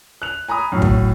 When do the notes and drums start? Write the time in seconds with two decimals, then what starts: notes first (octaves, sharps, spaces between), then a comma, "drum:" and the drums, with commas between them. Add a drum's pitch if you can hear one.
0.22 F#6 F7
0.48 G#5 A#5 B5 D#6
0.72 F#2 A2
0.82 drum: kick